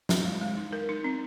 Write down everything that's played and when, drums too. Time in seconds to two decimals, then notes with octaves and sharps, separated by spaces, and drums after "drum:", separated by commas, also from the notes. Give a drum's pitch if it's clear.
0.09 C4, drum: snare
0.25 G#3
0.41 G#3
0.57 D#4
0.73 A#4
0.89 D#4
1.04 C4